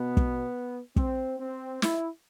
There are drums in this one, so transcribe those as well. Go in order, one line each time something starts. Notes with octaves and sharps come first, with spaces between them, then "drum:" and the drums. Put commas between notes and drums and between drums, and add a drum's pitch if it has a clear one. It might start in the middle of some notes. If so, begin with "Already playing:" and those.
Already playing: B2 B3
drum: kick
C4, drum: kick
C4
E4, drum: snare